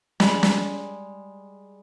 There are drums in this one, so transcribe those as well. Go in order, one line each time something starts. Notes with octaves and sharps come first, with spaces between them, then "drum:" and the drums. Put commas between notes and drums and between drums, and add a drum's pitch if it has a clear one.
G3 G#3, drum: snare
drum: snare